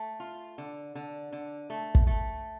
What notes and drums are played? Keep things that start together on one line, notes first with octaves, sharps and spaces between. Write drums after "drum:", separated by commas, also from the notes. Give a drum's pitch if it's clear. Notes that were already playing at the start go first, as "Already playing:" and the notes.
Already playing: A3
F4
D3
D3
D3
A3
drum: kick
A3